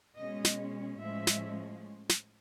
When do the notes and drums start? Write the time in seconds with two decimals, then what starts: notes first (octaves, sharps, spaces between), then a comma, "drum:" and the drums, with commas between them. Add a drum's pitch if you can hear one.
0.17 B2 G#3 C#4 D#5
0.45 drum: snare
0.99 A2 F3 G#3 C#4 E5
1.27 drum: snare
2.09 drum: snare